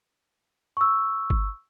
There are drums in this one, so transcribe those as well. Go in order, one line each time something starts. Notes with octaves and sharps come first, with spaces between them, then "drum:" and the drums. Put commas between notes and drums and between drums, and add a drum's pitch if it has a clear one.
C#6 E6
drum: kick G1